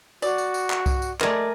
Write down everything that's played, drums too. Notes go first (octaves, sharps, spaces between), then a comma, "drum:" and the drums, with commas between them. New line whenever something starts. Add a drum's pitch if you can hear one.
F#4 D5, drum: tambourine
drum: tambourine
drum: tambourine
drum: clap
drum: kick C2, tambourine
drum: tambourine
G#3 A3 G#4 A#4 D5, drum: clap